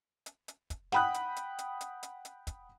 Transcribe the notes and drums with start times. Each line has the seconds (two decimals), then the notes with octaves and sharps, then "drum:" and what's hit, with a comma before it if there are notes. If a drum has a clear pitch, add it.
0.26 drum: hi-hat
0.48 drum: hi-hat
0.70 drum: kick, hi-hat
0.92 F#5 G5 B5 D#6 F#6, drum: snare
1.14 drum: hi-hat
1.36 drum: hi-hat
1.59 drum: hi-hat
1.81 drum: hi-hat
2.03 drum: hi-hat
2.25 drum: hi-hat
2.47 drum: kick, hi-hat